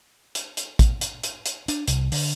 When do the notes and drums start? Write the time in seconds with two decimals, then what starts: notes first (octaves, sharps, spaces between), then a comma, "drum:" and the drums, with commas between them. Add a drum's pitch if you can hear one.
0.35 drum: hi-hat
0.57 drum: hi-hat
0.79 drum: kick, hi-hat
1.01 drum: hi-hat
1.23 drum: hi-hat
1.46 drum: hi-hat
1.68 D4, drum: hi-hat
1.88 C2, drum: hi-hat
2.12 D3, drum: open hi-hat